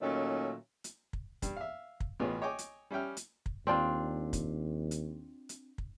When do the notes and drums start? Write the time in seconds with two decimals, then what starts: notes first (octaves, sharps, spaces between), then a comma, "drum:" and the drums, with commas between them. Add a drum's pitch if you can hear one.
0.01 A#2 D#3 F#3 A3 C#4
0.84 drum: hi-hat
1.13 drum: kick
1.42 G2, drum: kick, hi-hat
1.56 E5 F5
2.00 drum: kick
2.20 A1 B2 B3 F4 G#4 C#5
2.42 C#5 D#5 G5 G#5 D6
2.59 drum: hi-hat
2.90 G3 C#4 E5 G5 F6
3.17 drum: hi-hat
3.46 drum: kick
3.67 D#2 C4 D4 F4
4.33 drum: kick, hi-hat
4.91 drum: hi-hat
5.49 drum: hi-hat
5.78 drum: kick